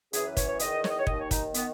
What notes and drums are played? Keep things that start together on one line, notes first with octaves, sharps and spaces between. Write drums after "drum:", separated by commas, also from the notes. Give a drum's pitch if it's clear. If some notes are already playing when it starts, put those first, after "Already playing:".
F#2 E3 G#4, drum: hi-hat
B4
C#5, drum: kick, hi-hat
C#5
E2 D#3 D#5, drum: hi-hat
C#5, drum: snare
D#5
C#5
D#2 D#3 D#5, drum: kick
C#5
D#4, drum: kick, hi-hat
D#3 B3, drum: hi-hat